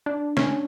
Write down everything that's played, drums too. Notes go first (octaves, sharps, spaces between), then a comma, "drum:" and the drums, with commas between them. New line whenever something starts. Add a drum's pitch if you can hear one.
D4
C#4, drum: snare